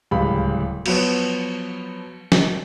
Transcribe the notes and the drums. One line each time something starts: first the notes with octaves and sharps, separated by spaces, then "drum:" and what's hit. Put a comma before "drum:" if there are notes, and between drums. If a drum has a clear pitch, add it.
D1 C#2 G3 B5
F3 F#3 B3 B4 C#5, drum: cymbal
drum: snare